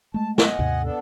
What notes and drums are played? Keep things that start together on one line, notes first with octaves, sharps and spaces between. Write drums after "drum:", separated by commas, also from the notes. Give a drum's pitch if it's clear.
G#3 A3 A5
D#5 F#5 G#5, drum: snare
D#2 G#2 C3
B3 D4 A4